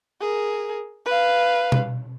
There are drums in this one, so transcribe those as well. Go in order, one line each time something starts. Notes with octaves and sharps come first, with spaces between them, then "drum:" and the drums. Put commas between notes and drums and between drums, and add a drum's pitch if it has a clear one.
G#4 A#4
B4 F5
drum: tom B2